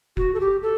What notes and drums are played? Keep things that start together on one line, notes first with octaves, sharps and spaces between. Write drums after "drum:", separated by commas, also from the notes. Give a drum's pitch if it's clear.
F#4, drum: kick
A4
G4
A4